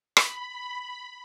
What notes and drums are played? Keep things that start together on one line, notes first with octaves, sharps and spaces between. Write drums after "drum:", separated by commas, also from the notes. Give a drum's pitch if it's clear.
B5, drum: rim click